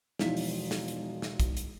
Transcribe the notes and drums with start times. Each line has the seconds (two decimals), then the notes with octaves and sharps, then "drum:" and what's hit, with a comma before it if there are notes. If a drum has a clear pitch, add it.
0.19 E1 B1 E3 F3 D#4 B6, drum: snare
0.37 drum: open hi-hat
0.71 drum: snare
0.88 drum: hi-hat
1.22 drum: snare
1.40 drum: kick, hi-hat
1.57 drum: hi-hat